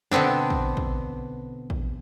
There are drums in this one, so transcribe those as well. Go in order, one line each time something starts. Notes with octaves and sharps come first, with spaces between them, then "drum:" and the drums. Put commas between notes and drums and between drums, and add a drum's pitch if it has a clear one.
B2 D3 B3 C4 D4, drum: snare
drum: kick
drum: kick
drum: kick